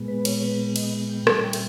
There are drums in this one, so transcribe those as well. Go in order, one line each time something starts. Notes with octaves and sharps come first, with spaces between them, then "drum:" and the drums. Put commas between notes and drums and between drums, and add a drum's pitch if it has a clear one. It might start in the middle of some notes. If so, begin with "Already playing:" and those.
Already playing: A#2 G#3 B3
B4
C#5, drum: cymbal
B4
D#5, drum: cymbal
G5
A#2 G3 C#4, drum: rim click
G5
E5, drum: cymbal